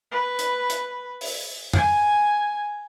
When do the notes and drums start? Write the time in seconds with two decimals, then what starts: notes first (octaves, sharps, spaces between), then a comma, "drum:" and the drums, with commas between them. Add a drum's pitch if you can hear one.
0.11 B4
0.39 drum: hi-hat
0.70 drum: hi-hat
1.21 drum: open hi-hat
1.73 G#5, drum: tom F2